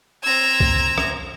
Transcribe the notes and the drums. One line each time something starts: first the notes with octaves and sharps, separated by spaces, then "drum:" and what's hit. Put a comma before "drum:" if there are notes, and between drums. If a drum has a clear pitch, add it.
C4 A#5 E6 G#6
drum: kick
drum: rim click